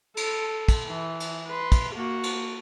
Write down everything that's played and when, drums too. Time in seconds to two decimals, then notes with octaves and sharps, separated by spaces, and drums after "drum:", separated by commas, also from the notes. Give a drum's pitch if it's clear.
0.17 A4, drum: cymbal
0.68 drum: kick, cymbal
0.87 E3
1.20 drum: cymbal
1.48 B4 C6
1.72 drum: kick, cymbal
1.95 A#3 F#4
2.23 drum: cymbal